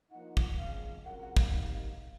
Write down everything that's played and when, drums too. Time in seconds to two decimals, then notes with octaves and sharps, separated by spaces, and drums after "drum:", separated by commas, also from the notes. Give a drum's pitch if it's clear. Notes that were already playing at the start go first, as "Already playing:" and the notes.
0.11 F3 A#3 D#4 F#5
0.37 drum: kick
0.58 F2 C#3 G#3 F5
1.06 C#3 F#3 C4 F4 A#4 F#5
1.21 F#5
1.37 F5, drum: kick
1.52 C3 F#3 A#3 D#4